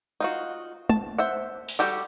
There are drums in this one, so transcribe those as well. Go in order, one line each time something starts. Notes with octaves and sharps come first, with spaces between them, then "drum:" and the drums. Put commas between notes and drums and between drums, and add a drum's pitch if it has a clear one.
D#4 F4 F#4
A5, drum: tom
C5 E5 F#5
drum: open hi-hat
G3 F#4 G4 A4